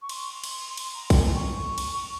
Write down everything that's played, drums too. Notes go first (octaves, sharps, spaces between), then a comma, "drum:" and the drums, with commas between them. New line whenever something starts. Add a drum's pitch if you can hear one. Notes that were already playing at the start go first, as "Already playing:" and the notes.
C#6
C6, drum: cymbal
drum: cymbal
C6, drum: cymbal
A#5
G5, drum: kick A#1, cymbal
G#5
C6
C#6
drum: cymbal